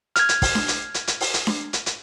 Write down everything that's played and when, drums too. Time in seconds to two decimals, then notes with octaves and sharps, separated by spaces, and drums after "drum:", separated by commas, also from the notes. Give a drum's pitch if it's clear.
0.16 F6 G#6, drum: hi-hat
0.29 drum: hi-hat
0.42 drum: kick, open hi-hat
0.55 drum: snare D4
0.68 drum: hi-hat
0.94 drum: hi-hat
1.07 drum: hi-hat
1.21 drum: open hi-hat
1.34 drum: hi-hat
1.47 drum: snare D4
1.73 drum: hi-hat
1.86 drum: hi-hat